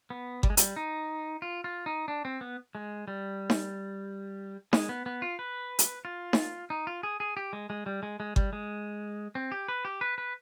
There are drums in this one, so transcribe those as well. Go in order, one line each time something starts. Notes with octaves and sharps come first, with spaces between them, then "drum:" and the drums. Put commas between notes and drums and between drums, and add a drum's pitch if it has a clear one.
B3
G3, drum: kick G1
G#3
G3, drum: hi-hat
D#4
F4
F4
D#4
D4
C4
B3
G#3
G3
drum: snare D#4
G#3, drum: snare D#4
B3
B3
F4
B4
drum: hi-hat
F4
drum: snare D#4
D#4
F4
G#4
G#4
G4
G#3
G#3
G3
G#3
G#3
G3, drum: kick G1
G#3
C4
G4
B4
G4
B4
B4